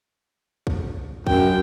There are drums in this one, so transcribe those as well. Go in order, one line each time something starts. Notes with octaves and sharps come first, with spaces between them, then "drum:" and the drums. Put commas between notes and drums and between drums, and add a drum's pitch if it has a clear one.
drum: kick
F#2 G5, drum: kick